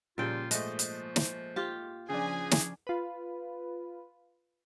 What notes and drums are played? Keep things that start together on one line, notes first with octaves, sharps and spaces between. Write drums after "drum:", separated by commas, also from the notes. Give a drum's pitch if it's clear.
A#2 C#3 F3 G3 F4 G5
G#2 F3 A3 D#5, drum: hi-hat
drum: hi-hat
drum: snare
F4 G4
C#3 F3 D4 G#4 G#5
drum: snare
F4 B4